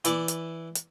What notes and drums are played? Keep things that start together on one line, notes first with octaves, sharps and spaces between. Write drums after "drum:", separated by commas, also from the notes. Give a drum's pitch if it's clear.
E3 E4 D5 D6, drum: hi-hat
drum: hi-hat
drum: hi-hat